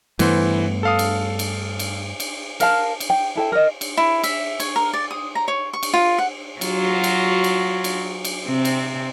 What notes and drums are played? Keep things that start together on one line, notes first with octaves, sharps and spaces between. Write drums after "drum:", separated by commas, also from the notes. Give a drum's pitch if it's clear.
G2 E3 A3 B3 C5, drum: cymbal
A4 F5 D#6
drum: cymbal
drum: cymbal
drum: cymbal
drum: cymbal
A#4 F5 A5, drum: cymbal
drum: cymbal
G5
E4 A4 G5
A#4 D#5
drum: cymbal
E4
E5, drum: cymbal
C#5, drum: cymbal
A#4
D5
D#6
A#5
C#5
C#6
drum: cymbal
F4
F#5
F#3 F4 F#4, drum: cymbal
drum: cymbal
drum: cymbal
drum: cymbal
drum: cymbal
C3 C4
drum: cymbal